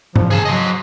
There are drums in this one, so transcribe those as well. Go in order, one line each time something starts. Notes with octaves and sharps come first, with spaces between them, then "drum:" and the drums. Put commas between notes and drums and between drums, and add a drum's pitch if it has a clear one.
F3, drum: tom G2
C#3 G#4 A5
F#3 C5 D#5